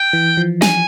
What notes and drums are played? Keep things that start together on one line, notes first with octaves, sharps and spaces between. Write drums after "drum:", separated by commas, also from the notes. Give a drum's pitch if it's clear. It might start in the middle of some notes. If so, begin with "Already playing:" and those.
Already playing: G5
E3
F3
G#5, drum: snare